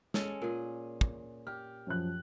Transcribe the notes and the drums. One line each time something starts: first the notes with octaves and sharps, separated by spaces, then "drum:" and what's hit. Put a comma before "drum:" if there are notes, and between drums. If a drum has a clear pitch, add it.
G#3 C#4 A4, drum: snare
A#2 G#4
drum: kick
G4 F6
F#2 F3 F#6